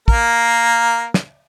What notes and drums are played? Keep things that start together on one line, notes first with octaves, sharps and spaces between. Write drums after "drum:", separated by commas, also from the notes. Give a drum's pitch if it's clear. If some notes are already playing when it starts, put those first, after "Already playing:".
A#3 A#4, drum: kick
drum: snare